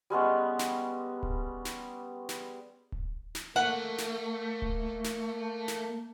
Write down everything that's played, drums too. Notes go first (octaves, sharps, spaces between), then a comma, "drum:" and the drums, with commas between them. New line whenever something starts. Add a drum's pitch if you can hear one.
G3 G#3 B3 C#4
drum: snare
drum: kick D1
drum: snare
drum: snare
drum: kick D1
drum: snare
A3 A#3 F#5
drum: snare
drum: kick D1
drum: snare
drum: snare